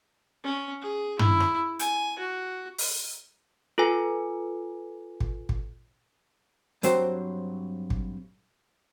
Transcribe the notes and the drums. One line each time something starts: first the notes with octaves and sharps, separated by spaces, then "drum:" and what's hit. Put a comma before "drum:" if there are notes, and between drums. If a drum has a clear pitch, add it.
C#4
G#4
E4, drum: tom
drum: rim click
G#5, drum: hi-hat
F#4
drum: open hi-hat
F4 A4 B4 G#5
drum: kick
drum: kick
G2 F#3 C4 C5 G5, drum: hi-hat
drum: kick